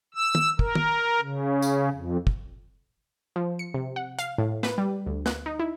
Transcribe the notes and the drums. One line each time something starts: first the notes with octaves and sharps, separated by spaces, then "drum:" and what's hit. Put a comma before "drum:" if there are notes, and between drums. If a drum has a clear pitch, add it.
E6
drum: tom
A#4, drum: kick
drum: tom
C#3
drum: tambourine
F2
drum: kick
F3
C#7
C3
F#5
F5, drum: hi-hat
A2
B4, drum: snare
G3
D2
F#6, drum: snare
D#4
E4